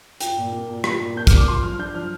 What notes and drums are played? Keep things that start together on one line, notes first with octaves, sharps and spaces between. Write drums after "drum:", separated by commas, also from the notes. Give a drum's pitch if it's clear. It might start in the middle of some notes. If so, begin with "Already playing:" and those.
F4 G5, drum: hi-hat
A#2
A#3
A#2
F4, drum: rim click
A#2
A#3 G6
A#2 F6, drum: kick, hi-hat
D6
F4 C6
F3 F6
D4 G6
F3 F6